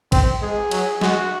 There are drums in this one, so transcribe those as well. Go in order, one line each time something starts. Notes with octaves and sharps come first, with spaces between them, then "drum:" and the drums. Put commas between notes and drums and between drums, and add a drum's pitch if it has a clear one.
C4, drum: kick, cymbal
G#3 G#4
F#3, drum: cymbal
G#3 F#4, drum: snare